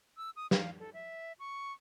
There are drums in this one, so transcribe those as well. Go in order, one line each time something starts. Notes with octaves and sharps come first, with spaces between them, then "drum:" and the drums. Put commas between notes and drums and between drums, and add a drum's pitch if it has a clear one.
E6
D#6
F5, drum: snare
A4
E5
C#6